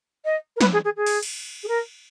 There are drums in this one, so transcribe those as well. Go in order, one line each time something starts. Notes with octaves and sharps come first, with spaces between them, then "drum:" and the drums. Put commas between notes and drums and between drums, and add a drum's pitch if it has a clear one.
D#5
A#4
B4, drum: snare
G#4
G#4
G#4
drum: open hi-hat
drum: cymbal
G#4
A#4